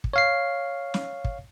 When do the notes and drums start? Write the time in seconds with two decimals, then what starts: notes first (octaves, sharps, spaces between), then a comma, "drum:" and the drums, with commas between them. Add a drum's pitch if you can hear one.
0.04 drum: kick
0.13 C#5 F5 C7
0.94 drum: snare
1.24 drum: kick